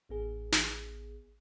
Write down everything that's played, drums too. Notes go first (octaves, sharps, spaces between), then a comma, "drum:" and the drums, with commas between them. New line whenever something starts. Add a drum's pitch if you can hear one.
A1 B3 G#4
drum: snare